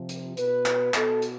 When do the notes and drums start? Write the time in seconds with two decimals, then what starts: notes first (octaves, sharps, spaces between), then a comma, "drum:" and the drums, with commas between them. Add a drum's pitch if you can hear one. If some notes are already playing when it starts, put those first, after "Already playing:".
Already playing: C3 F3
0.09 drum: hi-hat
0.37 B2 B4, drum: hi-hat
0.66 drum: clap
0.94 B2 A4, drum: clap
1.22 drum: hi-hat